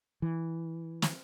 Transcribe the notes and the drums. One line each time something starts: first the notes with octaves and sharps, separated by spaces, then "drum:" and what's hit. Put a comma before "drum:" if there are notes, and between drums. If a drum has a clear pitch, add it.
E3
drum: snare